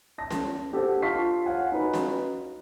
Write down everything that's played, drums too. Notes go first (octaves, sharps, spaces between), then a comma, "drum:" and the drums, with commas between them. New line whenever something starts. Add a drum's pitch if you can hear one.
A5 A#6
drum: snare C#4
D4 G4 A4 C5 F#5
F4 A5 C#6 B6 C7
C#5 F5 F#5 G#5
D#4 F#4 B4
drum: snare C#4